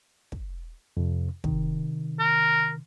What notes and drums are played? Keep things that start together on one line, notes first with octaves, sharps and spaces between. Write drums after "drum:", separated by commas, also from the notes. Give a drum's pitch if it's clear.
drum: kick
F2 C3
C3 D#3, drum: kick
A#4